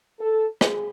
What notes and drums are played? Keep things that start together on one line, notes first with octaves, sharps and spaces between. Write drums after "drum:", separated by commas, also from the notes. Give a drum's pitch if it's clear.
A4
G#4, drum: rim click